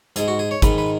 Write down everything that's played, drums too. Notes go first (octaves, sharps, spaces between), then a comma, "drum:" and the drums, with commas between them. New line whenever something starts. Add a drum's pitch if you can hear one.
G#2 G#3 G#4, drum: hi-hat
F#4
G#4
C#5
G#2 D#3 G#3 B4, drum: kick, hi-hat
B4